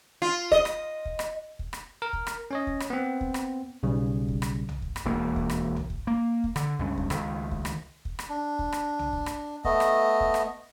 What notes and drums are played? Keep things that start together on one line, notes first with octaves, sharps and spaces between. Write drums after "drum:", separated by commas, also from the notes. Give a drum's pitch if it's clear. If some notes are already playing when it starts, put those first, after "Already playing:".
F4
D#5, drum: kick
drum: rim click
drum: kick
drum: rim click
drum: kick
drum: rim click
A#4
drum: kick
drum: rim click
C#4 C#5 D#5
drum: kick
drum: rim click
B3 C4
drum: kick
drum: rim click
B1 C#3 G3
drum: kick
drum: rim click
drum: tom B1
drum: kick
drum: rim click
E1 D#2 A#3
drum: kick
drum: rim click
drum: tom B1
drum: kick
A#3
drum: kick
D3, drum: rim click
C#2 G2 C#4
drum: kick
C#2 D#3, drum: rim click
drum: kick
drum: rim click
drum: kick
drum: rim click
D4
drum: kick
drum: rim click
drum: tom B1
drum: kick
drum: rim click
A3 B3 D#5, drum: kick
drum: rim click
drum: kick
drum: rim click